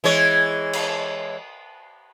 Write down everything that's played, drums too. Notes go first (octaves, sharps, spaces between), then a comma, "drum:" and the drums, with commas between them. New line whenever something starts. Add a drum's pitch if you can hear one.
E3 G#3 C#5
drum: cymbal